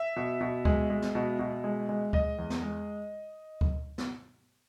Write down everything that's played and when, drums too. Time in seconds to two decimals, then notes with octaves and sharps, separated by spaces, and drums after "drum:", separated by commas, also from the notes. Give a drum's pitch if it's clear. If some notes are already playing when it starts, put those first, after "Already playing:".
Already playing: E5
0.16 B2
0.41 B2
0.65 G#3, drum: kick D2
0.90 G#3
1.02 drum: snare
1.15 B2
1.39 B2
1.64 G#3
1.89 G#3
2.13 G#3 D#5, drum: kick D2
2.38 E2
2.50 drum: snare
2.62 G#3
3.61 drum: kick D2
3.98 drum: snare